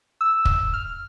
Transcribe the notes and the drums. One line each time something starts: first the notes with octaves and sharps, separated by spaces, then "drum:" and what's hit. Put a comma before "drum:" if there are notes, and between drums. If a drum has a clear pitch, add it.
E6
drum: kick
F6